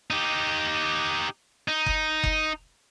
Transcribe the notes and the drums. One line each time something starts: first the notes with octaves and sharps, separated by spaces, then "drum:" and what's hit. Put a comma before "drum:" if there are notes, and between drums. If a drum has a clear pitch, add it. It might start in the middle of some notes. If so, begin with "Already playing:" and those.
D#4 G4
D#4
drum: kick F#1
drum: kick F#1